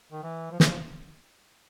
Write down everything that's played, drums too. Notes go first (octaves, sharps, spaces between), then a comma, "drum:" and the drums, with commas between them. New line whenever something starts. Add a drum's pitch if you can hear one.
D#3
E3
F3
E3, drum: snare
F3